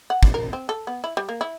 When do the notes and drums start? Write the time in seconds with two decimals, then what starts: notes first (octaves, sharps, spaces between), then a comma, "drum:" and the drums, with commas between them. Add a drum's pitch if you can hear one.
0.10 F#5
0.23 D4, drum: kick
0.34 A#4
0.53 C4
0.69 A4
0.87 B3
1.04 E4
1.17 G3
1.29 A#3
1.41 E4